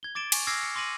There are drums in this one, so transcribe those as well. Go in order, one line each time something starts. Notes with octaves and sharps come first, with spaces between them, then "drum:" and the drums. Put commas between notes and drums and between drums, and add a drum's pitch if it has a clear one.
G#6 G7
D6 A6 D7 E7 G7
G#5 C#6, drum: cymbal
D6 E6 F6 G#6 A#6 C7
C#7
C6 D6 A#6 D#7 F#7